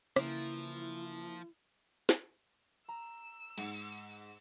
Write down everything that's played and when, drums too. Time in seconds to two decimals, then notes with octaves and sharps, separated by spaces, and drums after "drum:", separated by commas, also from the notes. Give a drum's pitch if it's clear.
0.16 C#3 E3 F3 A#3 E4, drum: rim click
2.09 drum: snare
2.89 A#5 E6
3.58 G#2 F#5, drum: cymbal